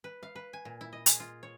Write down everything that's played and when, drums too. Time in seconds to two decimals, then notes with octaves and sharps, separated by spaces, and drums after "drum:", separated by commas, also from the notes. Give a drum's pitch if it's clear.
0.04 B4
0.23 F5
0.36 B4
0.53 G#5
0.65 A#2
0.81 E4
0.93 D#5
1.06 G#4, drum: hi-hat
1.20 F4
1.43 C#5